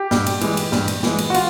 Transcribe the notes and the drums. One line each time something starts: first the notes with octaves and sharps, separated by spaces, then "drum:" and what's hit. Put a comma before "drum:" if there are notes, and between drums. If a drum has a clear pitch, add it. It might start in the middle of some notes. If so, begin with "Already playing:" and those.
Already playing: G4
G2, drum: snare
drum: cymbal
E3 G#3, drum: cymbal
drum: cymbal
G2, drum: snare
drum: cymbal
E3 G#3, drum: snare
drum: cymbal
F#4
F4, drum: cymbal